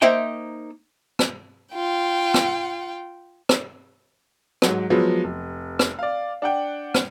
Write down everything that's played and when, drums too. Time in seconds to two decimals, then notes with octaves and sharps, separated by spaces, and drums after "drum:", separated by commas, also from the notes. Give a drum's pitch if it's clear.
0.02 A#3 D#4 C5 E5 G5
1.19 drum: rim click
1.74 F4 G5
2.34 drum: rim click
3.49 drum: rim click
4.62 G#2 F#3, drum: rim click
4.90 F3 F#3 G#3 B3
5.24 F1
5.79 drum: rim click
5.99 D5 F5
6.42 D4 F#5 G5
6.94 drum: rim click